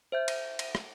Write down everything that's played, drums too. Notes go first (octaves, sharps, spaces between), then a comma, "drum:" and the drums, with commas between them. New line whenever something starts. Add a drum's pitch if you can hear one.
C5 E5 G6
drum: cymbal
drum: cymbal
drum: rim click